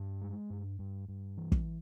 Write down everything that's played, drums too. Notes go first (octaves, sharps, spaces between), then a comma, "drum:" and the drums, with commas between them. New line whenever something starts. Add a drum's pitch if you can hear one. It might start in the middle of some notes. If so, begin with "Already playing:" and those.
Already playing: G2
G#3
G2
G2
G2
E3
drum: kick